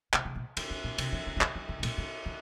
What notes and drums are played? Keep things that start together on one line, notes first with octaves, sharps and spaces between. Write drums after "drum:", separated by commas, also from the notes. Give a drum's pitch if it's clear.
C3, drum: clap
C3
A#2
D3, drum: cymbal
D3
A#2
C3, drum: cymbal
E3
D3
E3
D3, drum: clap
E3
D3
A2
A#2, drum: cymbal
D3
D3